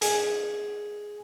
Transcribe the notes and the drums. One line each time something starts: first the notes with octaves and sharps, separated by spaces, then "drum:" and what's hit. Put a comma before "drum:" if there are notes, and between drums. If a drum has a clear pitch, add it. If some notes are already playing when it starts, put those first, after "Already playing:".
G#4, drum: hi-hat